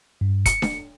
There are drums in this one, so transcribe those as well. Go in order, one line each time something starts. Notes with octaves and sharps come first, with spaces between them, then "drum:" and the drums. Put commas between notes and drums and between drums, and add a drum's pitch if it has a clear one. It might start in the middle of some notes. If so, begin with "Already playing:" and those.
G2
C#7, drum: kick, hi-hat
drum: snare D4